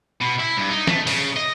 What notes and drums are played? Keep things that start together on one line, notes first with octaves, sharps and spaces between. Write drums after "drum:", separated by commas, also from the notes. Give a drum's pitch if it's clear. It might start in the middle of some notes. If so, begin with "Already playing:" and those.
B2
E4
G2
D#4
A3, drum: snare
C#3, drum: open hi-hat
D#5